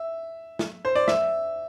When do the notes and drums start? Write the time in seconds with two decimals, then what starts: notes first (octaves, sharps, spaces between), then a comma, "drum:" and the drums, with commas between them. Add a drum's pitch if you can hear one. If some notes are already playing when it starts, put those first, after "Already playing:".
Already playing: E5
0.59 drum: snare
0.85 C5
0.95 D5
1.08 E5, drum: snare